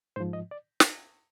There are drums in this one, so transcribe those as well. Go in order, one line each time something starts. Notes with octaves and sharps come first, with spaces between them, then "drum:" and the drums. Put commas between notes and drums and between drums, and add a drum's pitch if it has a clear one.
G#2 F3 C5
D#5
D5
drum: snare